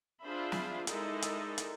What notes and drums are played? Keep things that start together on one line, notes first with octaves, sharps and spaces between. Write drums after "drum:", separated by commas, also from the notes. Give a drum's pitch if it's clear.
D4 F4 G#4 C5 E5 B5
drum: snare
G#3 D#4 E4 A4 A#4 D5, drum: hi-hat
drum: hi-hat
drum: hi-hat